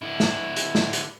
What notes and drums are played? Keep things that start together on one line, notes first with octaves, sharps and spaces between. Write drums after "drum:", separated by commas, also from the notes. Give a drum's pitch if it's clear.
D3 E4
drum: snare
drum: hi-hat
drum: snare
drum: hi-hat